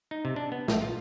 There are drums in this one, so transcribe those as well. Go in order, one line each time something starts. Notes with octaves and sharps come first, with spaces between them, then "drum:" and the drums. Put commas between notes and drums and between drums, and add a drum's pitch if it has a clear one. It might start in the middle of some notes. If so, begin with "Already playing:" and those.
D#4
C3
D4
B3
A#1, drum: snare
F4